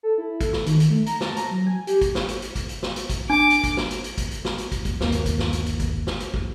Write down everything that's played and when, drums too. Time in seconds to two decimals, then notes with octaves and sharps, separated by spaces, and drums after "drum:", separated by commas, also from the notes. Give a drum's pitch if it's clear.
0.03 A4
0.18 E4
0.41 A4, drum: kick, hi-hat
0.53 drum: snare
0.66 D#3, drum: hi-hat
0.80 drum: hi-hat
0.90 A3
1.06 A#5, drum: hi-hat
1.21 A5, drum: snare
1.36 A#5, drum: hi-hat
1.51 F#3
1.67 G#5
1.87 G4, drum: hi-hat
2.01 drum: kick, hi-hat
2.15 drum: snare
2.28 drum: hi-hat
2.42 drum: hi-hat
2.56 drum: kick, hi-hat
2.69 drum: hi-hat
2.83 drum: snare
2.96 drum: hi-hat
3.10 drum: kick, hi-hat
3.30 D4 D6
3.50 drum: hi-hat
3.64 drum: kick, hi-hat
3.77 drum: snare
3.91 drum: hi-hat
4.04 drum: hi-hat
4.18 drum: kick, hi-hat
4.31 drum: hi-hat
4.45 drum: snare
4.58 drum: hi-hat
4.72 drum: kick, hi-hat
4.85 drum: kick, hi-hat
5.01 G1 D#2 A#3, drum: snare
5.12 drum: hi-hat
5.26 drum: kick, hi-hat
5.39 drum: snare
5.53 drum: hi-hat
5.66 drum: hi-hat
5.80 drum: kick, hi-hat
6.07 drum: snare
6.20 drum: hi-hat
6.34 drum: kick